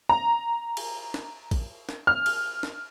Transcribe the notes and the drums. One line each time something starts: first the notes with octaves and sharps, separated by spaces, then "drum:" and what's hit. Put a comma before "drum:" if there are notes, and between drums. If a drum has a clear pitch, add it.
A#5
drum: cymbal
drum: snare
drum: kick, cymbal
drum: snare
F6
drum: cymbal
drum: snare